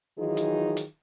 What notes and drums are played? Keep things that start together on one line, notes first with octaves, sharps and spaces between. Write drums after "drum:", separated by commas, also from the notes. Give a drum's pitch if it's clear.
D#3 E3 F#3 D#4 F4 G#4
drum: hi-hat
drum: hi-hat